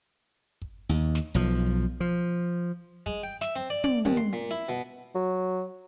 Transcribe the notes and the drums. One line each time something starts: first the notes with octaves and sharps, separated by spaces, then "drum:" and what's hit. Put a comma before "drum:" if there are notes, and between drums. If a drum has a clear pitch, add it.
drum: kick
D#2
drum: snare
B1 F3
F3
G#3, drum: kick
G5
E5, drum: snare
C4
D5
D5, drum: tom
D#2, drum: tom
C6
A#2
E4
B2
F#3